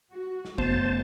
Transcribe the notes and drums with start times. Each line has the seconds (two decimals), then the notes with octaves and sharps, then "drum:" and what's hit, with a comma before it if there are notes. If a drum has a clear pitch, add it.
0.12 F#4
0.45 drum: snare
0.58 F#2 C#3 A3 B3 C5 A5, drum: kick G1